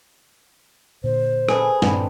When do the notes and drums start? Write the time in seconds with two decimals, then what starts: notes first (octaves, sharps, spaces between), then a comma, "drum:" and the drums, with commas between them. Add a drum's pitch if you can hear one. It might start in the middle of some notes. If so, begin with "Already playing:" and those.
1.04 A#2 D3 C5
1.49 G#4 A4 B4, drum: rim click
1.82 G2 A#2 D#3 C4 D4 B4, drum: snare